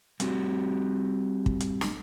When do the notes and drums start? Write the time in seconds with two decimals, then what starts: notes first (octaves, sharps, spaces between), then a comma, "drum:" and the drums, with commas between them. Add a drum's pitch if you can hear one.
0.20 G3 A3 C4 D#4 F#4 G4, drum: hi-hat
1.46 drum: kick
1.60 drum: hi-hat
1.81 drum: snare